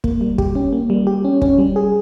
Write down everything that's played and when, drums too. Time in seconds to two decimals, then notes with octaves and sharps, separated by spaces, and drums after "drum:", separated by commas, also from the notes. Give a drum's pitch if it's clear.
0.04 A#3, drum: kick
0.21 G3
0.38 G4, drum: kick
0.55 C#4
0.73 A#3
0.90 G3
1.07 G4
1.25 C#4
1.42 C#4, drum: kick
1.58 G3
1.76 G#4